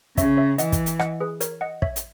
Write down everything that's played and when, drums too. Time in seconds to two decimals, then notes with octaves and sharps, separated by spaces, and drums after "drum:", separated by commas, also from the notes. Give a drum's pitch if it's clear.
0.17 C#3 C#5 E5, drum: kick, hi-hat
0.37 C#5 E5
0.58 E3 D#5 F#5, drum: hi-hat
0.72 drum: kick, hi-hat
0.86 drum: hi-hat
0.99 D#5 F#5, drum: rim click
1.21 G#4 B4
1.41 A#4 C#5, drum: hi-hat
1.61 D#5 F#5
1.82 C#5 E5, drum: kick
1.96 drum: hi-hat